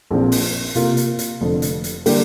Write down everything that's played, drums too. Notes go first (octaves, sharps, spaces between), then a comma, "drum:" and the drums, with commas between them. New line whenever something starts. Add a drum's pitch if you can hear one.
A#1 A#2 F3 C4
drum: open hi-hat
C3 A#3 F4, drum: hi-hat
drum: hi-hat
drum: hi-hat
F1 F2 D3
drum: hi-hat
drum: hi-hat
D3 G3 A#3 G4, drum: open hi-hat